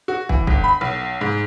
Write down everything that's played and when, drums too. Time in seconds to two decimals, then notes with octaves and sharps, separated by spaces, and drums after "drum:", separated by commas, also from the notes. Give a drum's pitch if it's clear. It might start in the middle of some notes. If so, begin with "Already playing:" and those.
0.08 F#4
0.29 E3, drum: kick
0.47 G1, drum: kick
0.64 B5
0.81 B1
1.21 G#2